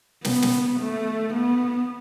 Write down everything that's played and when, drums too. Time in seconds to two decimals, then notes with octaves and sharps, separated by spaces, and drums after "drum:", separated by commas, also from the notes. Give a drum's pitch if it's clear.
0.25 B3, drum: snare
0.42 drum: snare
0.80 A3
1.34 B3